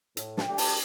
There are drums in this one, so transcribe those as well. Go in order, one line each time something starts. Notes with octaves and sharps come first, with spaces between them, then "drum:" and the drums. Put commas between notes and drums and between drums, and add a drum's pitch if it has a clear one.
A2, drum: hi-hat
A5, drum: snare
G5
A3 D4 G4
A5, drum: open hi-hat